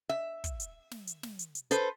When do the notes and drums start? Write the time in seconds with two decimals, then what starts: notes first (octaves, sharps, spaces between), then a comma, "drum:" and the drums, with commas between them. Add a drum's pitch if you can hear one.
0.09 E5
0.44 drum: kick, hi-hat
0.60 drum: hi-hat
0.91 drum: snare
1.07 drum: hi-hat
1.23 drum: snare
1.39 drum: hi-hat
1.55 drum: hi-hat
1.71 A4 B4 C5, drum: hi-hat